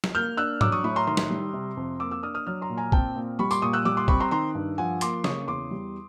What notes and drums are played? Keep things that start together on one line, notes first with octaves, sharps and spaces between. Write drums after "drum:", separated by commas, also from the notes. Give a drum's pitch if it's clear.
drum: snare
A#3 F6 G6
D4 E6 F#6
F#3 D6 E6, drum: tom G#2
C#6 D#6
A2 B5 C#6
A#5 C6
D#3 A#5 C6
drum: snare
G3
C3
F2
A#3 D6 E6
D6 E6
D4 D#6 F6
D#6 F6
F#3 D#6 F6
A#5 C6
A#2
G#5 A#5
C4 G5 A5, drum: kick
A#2
G3 B5 C#6
C6 D6, drum: tambourine
A#2 C#6 D#6
E6 F#6
G3 D6 E6
C6 D6
C4 B5 C#6, drum: kick
A#5 C6
D#3 A#5 C6
G2
F3 F#5 G#5
A#3 C6 D6, drum: hi-hat
C#3 C#6 D#6, drum: snare
E2 C6 D6
G3